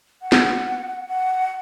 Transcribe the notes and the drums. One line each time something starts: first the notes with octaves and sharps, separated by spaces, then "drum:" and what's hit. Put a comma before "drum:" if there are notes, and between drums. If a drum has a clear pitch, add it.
F#5
drum: snare
F#5